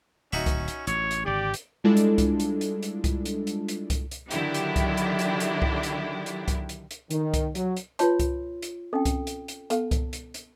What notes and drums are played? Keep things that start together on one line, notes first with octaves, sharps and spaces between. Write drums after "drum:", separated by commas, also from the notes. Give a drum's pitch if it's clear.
D1 C#4 D#4 F#4 E5
drum: kick C2, hi-hat
drum: hi-hat
A1 C#5, drum: hi-hat
drum: hi-hat
G#1 D3 G4 D5
drum: hi-hat
G3 G#3 D4 E4 F4 A4
drum: hi-hat
drum: kick C2, hi-hat
drum: hi-hat
drum: hi-hat
drum: hi-hat
drum: kick C2, hi-hat
drum: hi-hat
drum: hi-hat
drum: hi-hat
drum: kick C2, hi-hat
drum: hi-hat
D3 D#3 F#3 D4 E4 G4, drum: hi-hat
drum: hi-hat
drum: kick C2, hi-hat
drum: hi-hat
drum: hi-hat
drum: hi-hat
drum: kick C2
drum: hi-hat
drum: hi-hat
drum: kick C2, hi-hat
drum: hi-hat
drum: hi-hat
D#3, drum: hi-hat
drum: kick C2, hi-hat
F#3, drum: hi-hat
drum: hi-hat
F4 B4 C#5 A5 C6, drum: hi-hat
drum: kick C2, hi-hat
drum: hi-hat
C4 C#4 A4 G5
drum: kick C2, hi-hat
drum: hi-hat
drum: hi-hat
B3 A4 F5 A5, drum: hi-hat
drum: kick C2, hi-hat
drum: hi-hat
drum: hi-hat